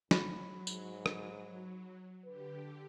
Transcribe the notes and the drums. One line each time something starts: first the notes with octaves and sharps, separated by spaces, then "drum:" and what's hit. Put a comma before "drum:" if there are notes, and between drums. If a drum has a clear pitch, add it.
F2 F#3 B5, drum: snare
G#2, drum: tambourine
drum: rim click
D3 G4 B4